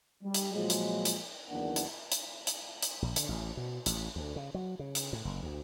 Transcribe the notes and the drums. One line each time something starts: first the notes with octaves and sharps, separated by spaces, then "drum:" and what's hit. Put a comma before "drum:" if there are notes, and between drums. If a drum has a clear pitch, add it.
G3
drum: hi-hat
A#2 F3 F#3 G#3
drum: hi-hat
drum: hi-hat
F#1 E2 D#3 A#3 D4 F#5
drum: hi-hat
drum: hi-hat
drum: hi-hat
drum: hi-hat
A#1
D3, drum: hi-hat
A1
B2
A1, drum: hi-hat
D2
C#3
F#3
C#3
drum: hi-hat
A2
F#1
D2